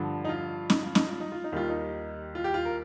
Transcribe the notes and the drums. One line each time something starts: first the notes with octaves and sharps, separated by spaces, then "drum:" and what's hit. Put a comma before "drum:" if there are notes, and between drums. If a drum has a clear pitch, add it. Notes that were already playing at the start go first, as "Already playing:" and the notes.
Already playing: G2 D3 F3
D#4
F4
D#4, drum: snare C#4
F4
D#4, drum: snare C#4
F4
D#4
F4
D#4
D#2 D#3 G3 F4
D#4
F4
G4
F4
A#4